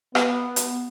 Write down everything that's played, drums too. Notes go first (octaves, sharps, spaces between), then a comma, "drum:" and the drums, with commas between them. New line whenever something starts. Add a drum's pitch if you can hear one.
B3, drum: rim click
drum: hi-hat